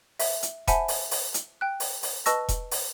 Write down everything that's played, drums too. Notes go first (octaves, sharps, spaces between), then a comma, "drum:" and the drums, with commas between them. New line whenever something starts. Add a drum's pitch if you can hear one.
E5, drum: open hi-hat
drum: hi-hat
C5 E5 F#5 G#5 A5 B5, drum: kick E1, hi-hat
drum: open hi-hat
drum: open hi-hat
drum: hi-hat
G5 F#6
drum: open hi-hat
drum: open hi-hat
B4 D#5 A5 C#6 E6 A#6, drum: hi-hat
drum: kick E1, hi-hat
drum: open hi-hat